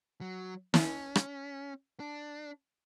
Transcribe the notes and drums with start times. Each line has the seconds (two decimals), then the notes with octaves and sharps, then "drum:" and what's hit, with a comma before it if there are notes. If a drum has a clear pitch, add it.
0.21 F#3
0.74 C#4, drum: snare
1.15 drum: rim click
2.00 D4